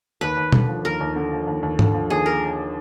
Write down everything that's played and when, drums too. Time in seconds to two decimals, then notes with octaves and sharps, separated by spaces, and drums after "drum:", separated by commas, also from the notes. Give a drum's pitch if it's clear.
0.21 D#2 B4
0.37 D#2
0.52 D3, drum: tom B2
0.68 F3
0.85 D#2 A#4
1.00 D#2
1.16 D3
1.32 F3
1.47 D#2
1.63 D#2
1.79 D3, drum: tom G#2
1.94 F3
2.10 D#2 G#4
2.26 A#4